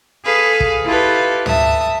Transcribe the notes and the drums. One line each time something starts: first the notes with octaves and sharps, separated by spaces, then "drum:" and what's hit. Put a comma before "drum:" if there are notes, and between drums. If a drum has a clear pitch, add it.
G#4 A4 B4 F5
drum: kick
E4 F4 G4 A4 B4
E5 A5 D#6, drum: tom